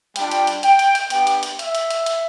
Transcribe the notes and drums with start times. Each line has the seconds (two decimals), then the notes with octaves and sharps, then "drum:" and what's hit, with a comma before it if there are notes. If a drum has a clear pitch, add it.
0.16 G3 D4 F4 G5, drum: hi-hat
0.31 drum: hi-hat
0.47 drum: hi-hat
0.63 G5, drum: hi-hat
0.79 drum: hi-hat
0.95 drum: hi-hat
1.10 B3 D4 G4 G5, drum: hi-hat
1.27 drum: hi-hat
1.43 drum: hi-hat
1.59 E5, drum: hi-hat
1.75 drum: hi-hat
1.91 drum: hi-hat
2.06 drum: hi-hat